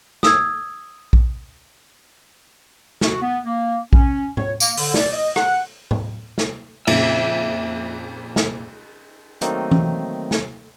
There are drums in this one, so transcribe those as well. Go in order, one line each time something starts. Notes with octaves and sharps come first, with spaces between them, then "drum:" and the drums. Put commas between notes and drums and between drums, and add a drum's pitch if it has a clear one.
D#6 E6 G#6, drum: snare
drum: kick A#1
F#4, drum: snare
B3
A#3
C#4, drum: kick A#1
C#5, drum: tom A2
A#3, drum: tambourine
D3, drum: open hi-hat
D5, drum: snare
D#5
F#5, drum: rim click
drum: tom A2
drum: snare
F2 A#2 C#3 E5, drum: cymbal
drum: snare
D#3 F#3 A3 A#3 C4 D#4, drum: hi-hat
drum: tom E3
drum: snare